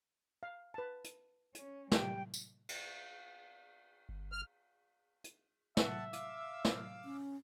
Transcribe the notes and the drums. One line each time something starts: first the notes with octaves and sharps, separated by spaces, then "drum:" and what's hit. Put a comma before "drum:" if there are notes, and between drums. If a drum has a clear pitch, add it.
F5
B4 A5
drum: hi-hat
C#4, drum: hi-hat
G3 G4 G5, drum: snare
drum: tambourine
drum: cymbal
G1
F6
drum: hi-hat
E5 F#5 A5, drum: snare
F5 D6 E6, drum: hi-hat
drum: snare
C#4